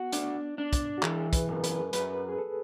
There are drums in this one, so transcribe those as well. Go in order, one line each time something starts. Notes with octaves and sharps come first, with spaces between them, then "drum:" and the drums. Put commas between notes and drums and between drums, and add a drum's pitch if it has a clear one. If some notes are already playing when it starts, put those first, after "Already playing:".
Already playing: B3 F#4
D4, drum: hi-hat
D4
drum: kick, hi-hat
F#4
E3 G#4, drum: clap
B4, drum: kick, hi-hat
F#2
B4, drum: hi-hat
F#2 B4, drum: hi-hat
G#4
A4